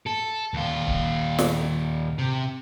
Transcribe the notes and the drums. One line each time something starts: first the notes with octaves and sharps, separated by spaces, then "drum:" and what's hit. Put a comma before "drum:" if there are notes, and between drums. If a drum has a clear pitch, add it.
A4
D#2 F4
drum: kick C#1
drum: snare
C3